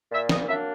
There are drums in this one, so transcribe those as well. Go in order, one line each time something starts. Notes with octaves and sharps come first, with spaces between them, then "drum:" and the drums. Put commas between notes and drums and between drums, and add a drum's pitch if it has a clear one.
A#2 E5
D#5, drum: snare
F#3 A#3 D4 E5